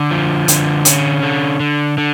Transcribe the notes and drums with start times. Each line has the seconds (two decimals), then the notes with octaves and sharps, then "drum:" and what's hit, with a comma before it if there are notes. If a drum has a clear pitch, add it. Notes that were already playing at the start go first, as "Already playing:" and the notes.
Already playing: D3
0.11 F3
0.48 D3, drum: hi-hat
0.85 C#4, drum: hi-hat
1.23 D3
1.60 D3
1.98 D3